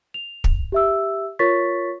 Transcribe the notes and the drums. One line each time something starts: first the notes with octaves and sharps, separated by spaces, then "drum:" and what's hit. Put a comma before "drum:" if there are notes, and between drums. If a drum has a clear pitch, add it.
F7
drum: kick
G4 E5 E6
F4 A#4 C#5 C#6 A6 B6